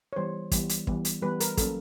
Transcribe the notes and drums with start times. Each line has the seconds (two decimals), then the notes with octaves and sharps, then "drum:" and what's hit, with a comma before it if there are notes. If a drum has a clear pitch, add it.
0.13 C#5
0.16 E3 G3 B3 C5
0.51 E3 G3 B3, drum: kick, hi-hat
0.69 drum: hi-hat
0.87 E3 G3 B3, drum: kick
1.05 drum: hi-hat
1.22 E3 G3 B3 B4
1.40 A#4, drum: hi-hat
1.57 F#3 A#3 C#4 A4, drum: kick, hi-hat